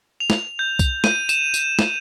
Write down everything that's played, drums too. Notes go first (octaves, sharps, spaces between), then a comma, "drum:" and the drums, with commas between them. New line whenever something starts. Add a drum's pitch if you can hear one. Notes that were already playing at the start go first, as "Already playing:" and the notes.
F7
drum: snare
G6
drum: kick C2, tambourine
D#7, drum: snare
E7, drum: tambourine
drum: tambourine
drum: snare